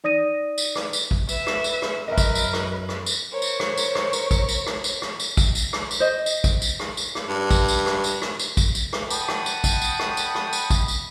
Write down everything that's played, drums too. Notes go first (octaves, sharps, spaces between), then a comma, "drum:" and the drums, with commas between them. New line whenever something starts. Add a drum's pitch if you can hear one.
D#4 D5 D#6 A#6 D#7
drum: tambourine
drum: rim click
drum: tambourine
drum: kick
B4 E5, drum: tambourine
drum: rim click
drum: tambourine
drum: rim click
F#2 A#4 B4 D#5 E5
drum: kick, tambourine
drum: tambourine
drum: rim click
drum: rim click
drum: tambourine
A#4 C5 C#5
drum: tambourine
drum: rim click
drum: tambourine
drum: rim click
drum: tambourine
drum: kick, tambourine
drum: tambourine
drum: rim click
drum: tambourine
drum: rim click
drum: tambourine
drum: kick, tambourine
drum: tambourine
drum: rim click
drum: tambourine
C5 D#5
drum: tambourine
drum: kick, tambourine
drum: tambourine
drum: rim click
drum: tambourine
drum: rim click
G2
drum: kick, tambourine
drum: tambourine
drum: rim click
drum: tambourine
drum: rim click
drum: tambourine
drum: kick, tambourine
drum: tambourine
drum: rim click
F#5 G5 A5 B5 D#6, drum: tambourine
drum: rim click
drum: tambourine
drum: kick, tambourine
drum: tambourine
drum: rim click
drum: tambourine
drum: rim click
drum: tambourine
drum: kick, tambourine
drum: tambourine